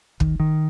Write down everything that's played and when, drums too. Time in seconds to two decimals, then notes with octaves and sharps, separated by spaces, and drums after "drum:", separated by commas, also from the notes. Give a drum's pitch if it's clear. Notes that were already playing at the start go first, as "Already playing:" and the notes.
0.20 D#3, drum: kick
0.40 D#3